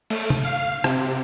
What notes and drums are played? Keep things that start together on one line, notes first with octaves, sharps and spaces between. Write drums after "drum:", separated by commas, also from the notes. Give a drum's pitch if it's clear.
A3, drum: cymbal
drum: tom C3
F5
C3, drum: rim click